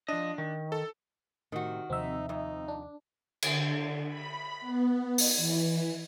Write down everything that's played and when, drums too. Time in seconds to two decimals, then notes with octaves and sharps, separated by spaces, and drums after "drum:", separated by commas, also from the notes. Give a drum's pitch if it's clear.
0.08 F3 D4 D#5
0.38 D#3
0.72 A4
1.52 A2 C3 D#3 F#4
1.90 D#2 C3 F3 C4 D#4 E5
2.29 F2 D#4
2.68 D4
3.42 D3, drum: cymbal
4.08 B5
4.61 B3
5.18 drum: open hi-hat
5.37 E3